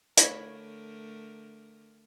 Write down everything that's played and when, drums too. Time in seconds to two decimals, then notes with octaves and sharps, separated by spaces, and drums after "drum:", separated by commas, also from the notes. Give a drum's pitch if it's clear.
0.17 D3 A3 A#4 C#5 B5, drum: hi-hat